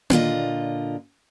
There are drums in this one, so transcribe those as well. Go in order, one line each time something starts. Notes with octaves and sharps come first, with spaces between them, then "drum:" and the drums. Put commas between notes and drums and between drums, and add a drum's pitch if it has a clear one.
A#2 D3 F4 D#5, drum: tom A#3